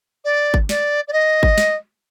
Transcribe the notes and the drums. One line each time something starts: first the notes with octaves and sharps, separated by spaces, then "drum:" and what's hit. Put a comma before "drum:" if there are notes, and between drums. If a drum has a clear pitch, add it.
D5
drum: kick G1
D5, drum: snare
D5
D#5
drum: kick G1
drum: snare